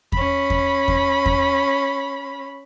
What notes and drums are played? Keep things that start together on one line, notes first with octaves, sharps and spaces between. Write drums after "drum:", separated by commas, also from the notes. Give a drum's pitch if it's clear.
C#4 B5, drum: kick E2
drum: kick E2
drum: kick E2
drum: kick E2